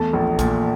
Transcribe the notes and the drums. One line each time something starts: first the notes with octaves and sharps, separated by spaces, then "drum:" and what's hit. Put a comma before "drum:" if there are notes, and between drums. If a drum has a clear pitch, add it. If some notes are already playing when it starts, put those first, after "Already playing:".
Already playing: E2 A3 A5
A#1
A#2, drum: kick, hi-hat